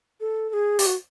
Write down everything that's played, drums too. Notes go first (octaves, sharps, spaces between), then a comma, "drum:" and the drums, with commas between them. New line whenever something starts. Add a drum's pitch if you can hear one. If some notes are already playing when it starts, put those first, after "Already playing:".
A4
A4
G#4
G4, drum: open hi-hat
F#4